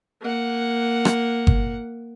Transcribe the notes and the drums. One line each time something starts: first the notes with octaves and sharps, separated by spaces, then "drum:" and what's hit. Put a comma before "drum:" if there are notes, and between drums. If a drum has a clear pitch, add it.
A#3 F#5
drum: rim click
drum: kick G1